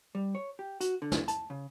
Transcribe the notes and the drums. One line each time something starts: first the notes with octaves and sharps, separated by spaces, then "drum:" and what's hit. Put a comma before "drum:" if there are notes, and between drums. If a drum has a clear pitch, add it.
G3
C#5
G4
F#4, drum: hi-hat
D3
drum: snare
A5, drum: hi-hat
C#3